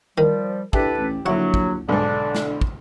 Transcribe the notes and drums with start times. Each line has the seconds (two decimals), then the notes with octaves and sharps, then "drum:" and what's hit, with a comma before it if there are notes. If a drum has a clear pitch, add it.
0.18 D#3 F3 G3
0.73 D4 E4 G4 A4 B4, drum: kick
0.99 A1
1.26 A#1 D3 F#3 E4 F#5 C#6
1.54 drum: kick
1.89 B1 G#2 D3 D4
2.35 drum: snare
2.61 drum: kick